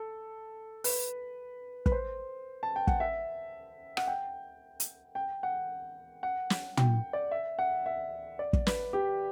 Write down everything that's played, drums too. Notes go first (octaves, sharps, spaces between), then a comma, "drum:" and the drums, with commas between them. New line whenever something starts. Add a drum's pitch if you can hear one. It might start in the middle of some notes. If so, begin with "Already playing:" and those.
Already playing: A4
B4, drum: open hi-hat
B4, drum: kick
C5
A5
G5
F#5, drum: kick
E5
F#5, drum: rim click
G5
drum: hi-hat
G5
F#5
F#5
drum: snare
G5, drum: tom
D5
E5
F#5
E5
D5
drum: kick
B4, drum: snare
G4